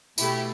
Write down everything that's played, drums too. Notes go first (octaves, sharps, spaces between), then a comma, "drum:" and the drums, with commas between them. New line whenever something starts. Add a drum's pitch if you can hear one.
B2 A3 E4 G4, drum: tambourine